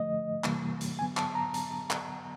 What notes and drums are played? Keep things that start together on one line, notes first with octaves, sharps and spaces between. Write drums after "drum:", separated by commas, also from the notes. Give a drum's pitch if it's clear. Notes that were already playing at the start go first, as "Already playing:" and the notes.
Already playing: D3 F3 A3 D#5
C3 E3 G3 A#3, drum: clap
drum: hi-hat
D3 F#3 B3 G#5
A5, drum: clap
A#5
drum: hi-hat
drum: clap